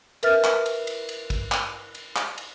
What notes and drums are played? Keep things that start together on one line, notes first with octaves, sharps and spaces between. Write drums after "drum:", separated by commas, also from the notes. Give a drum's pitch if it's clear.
A#4 B4 E5 F6 A6, drum: cymbal
drum: clap
drum: cymbal
drum: cymbal
drum: cymbal
drum: kick A1, cymbal
drum: clap
drum: cymbal
drum: clap
drum: cymbal